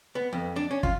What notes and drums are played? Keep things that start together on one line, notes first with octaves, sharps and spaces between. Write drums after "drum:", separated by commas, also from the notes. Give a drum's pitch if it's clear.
B3
F2
D4
C#4
F4, drum: kick